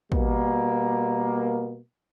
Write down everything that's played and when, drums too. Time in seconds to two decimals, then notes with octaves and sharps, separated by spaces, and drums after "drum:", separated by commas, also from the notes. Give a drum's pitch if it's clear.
0.12 B2 G3 A#3, drum: kick